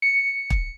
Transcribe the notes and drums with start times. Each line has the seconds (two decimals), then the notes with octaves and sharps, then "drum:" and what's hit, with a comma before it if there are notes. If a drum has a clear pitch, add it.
0.02 C#7
0.50 drum: kick